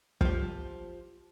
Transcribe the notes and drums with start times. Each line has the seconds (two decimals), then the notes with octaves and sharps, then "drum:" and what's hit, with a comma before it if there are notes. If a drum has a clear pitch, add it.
0.21 F3 G4, drum: kick